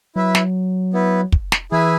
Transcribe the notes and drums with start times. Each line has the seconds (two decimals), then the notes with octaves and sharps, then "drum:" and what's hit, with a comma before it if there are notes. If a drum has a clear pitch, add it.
0.16 F#3 E4 B4 E5
0.35 drum: snare
0.93 B3 E4 B4
1.32 drum: kick
1.52 drum: snare
1.71 E3 E4 G#4 B4 E5 G#5